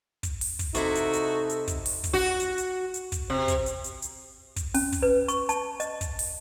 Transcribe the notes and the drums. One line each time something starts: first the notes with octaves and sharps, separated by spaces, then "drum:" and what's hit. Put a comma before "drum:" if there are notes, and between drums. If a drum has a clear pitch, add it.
drum: kick, hi-hat
drum: open hi-hat
drum: kick, hi-hat
C3 D#4 E4 F#4 A4, drum: hi-hat
drum: hi-hat
drum: hi-hat
drum: hi-hat
drum: kick, hi-hat
drum: open hi-hat
drum: kick, hi-hat
F#4
drum: hi-hat
drum: hi-hat
drum: hi-hat
drum: kick, hi-hat
C3
drum: kick, hi-hat
drum: hi-hat
drum: hi-hat
drum: hi-hat
drum: kick, hi-hat
C#4, drum: open hi-hat
drum: kick, hi-hat
B4
C#6, drum: hi-hat
A5, drum: hi-hat
D#5, drum: hi-hat
drum: kick, hi-hat
drum: open hi-hat